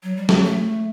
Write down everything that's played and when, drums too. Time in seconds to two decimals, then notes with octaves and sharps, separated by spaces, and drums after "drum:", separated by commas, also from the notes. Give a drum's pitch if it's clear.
0.03 F#3
0.16 G3
0.29 F#3, drum: snare
0.43 A3